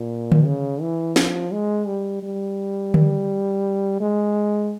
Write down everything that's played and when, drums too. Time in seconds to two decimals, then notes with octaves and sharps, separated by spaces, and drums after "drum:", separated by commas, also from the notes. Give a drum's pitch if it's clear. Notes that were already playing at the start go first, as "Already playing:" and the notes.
Already playing: A#2
0.32 drum: tom D3
0.45 C#3
0.81 E3
1.16 F3, drum: snare
1.52 G#3
1.87 G3
2.23 G3
2.94 drum: tom D3
4.00 G#3